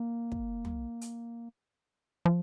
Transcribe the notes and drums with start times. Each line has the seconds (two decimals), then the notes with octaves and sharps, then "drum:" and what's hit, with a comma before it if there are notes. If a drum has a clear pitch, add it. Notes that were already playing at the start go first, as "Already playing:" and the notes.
Already playing: A#3
0.32 drum: kick
0.65 drum: tom
1.01 drum: hi-hat
2.25 F3